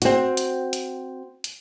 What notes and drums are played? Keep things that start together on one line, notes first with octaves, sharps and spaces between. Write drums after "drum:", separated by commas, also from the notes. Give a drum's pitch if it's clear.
C4 F#4, drum: hi-hat
drum: hi-hat
drum: hi-hat
drum: hi-hat